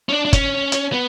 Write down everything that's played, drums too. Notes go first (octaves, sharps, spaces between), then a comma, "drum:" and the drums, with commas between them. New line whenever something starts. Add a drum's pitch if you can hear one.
C#4
D4
D4
C#4, drum: kick G1, hi-hat
drum: hi-hat
B3